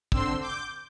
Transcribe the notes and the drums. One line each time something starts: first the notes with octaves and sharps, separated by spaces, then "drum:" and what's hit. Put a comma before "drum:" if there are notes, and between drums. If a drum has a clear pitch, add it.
D3 C4 C6 E6, drum: kick
D6 G6